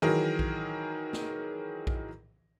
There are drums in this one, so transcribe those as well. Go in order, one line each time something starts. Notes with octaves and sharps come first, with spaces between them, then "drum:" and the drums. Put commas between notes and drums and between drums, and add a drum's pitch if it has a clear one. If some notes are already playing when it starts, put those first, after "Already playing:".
D#3 E3 F#3 G#4 A#4
drum: kick A#1
drum: snare
drum: kick A#1